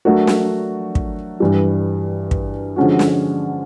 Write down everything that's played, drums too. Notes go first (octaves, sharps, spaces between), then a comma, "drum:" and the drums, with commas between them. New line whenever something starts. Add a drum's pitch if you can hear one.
F#3 A3 D4 F#4 A#4
drum: snare
drum: kick
G2 E3 G3
drum: kick
D3 F3 G#3 C#4 F#4
drum: snare